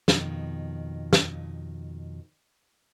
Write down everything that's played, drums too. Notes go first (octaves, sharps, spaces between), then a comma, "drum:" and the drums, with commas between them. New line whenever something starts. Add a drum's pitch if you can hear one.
F2 B2 D#3, drum: snare
drum: snare